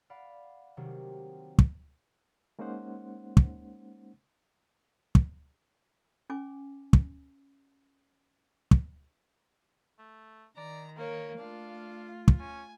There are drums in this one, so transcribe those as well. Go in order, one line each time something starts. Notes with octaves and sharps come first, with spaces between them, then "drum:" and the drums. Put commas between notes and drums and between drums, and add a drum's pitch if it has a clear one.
D5 F5 F#5 B5
C3 D#3 F#3 G3 A#3 C4
drum: kick
G#3 A#3 C#4 D#4 C5 F#5
drum: kick
drum: kick
C#4 G#5 D6
drum: kick
drum: kick
A3
D#3 D5 A#5
A#3 A#4 C#5
A3 D4 F4 F5
drum: kick
C#4 G#5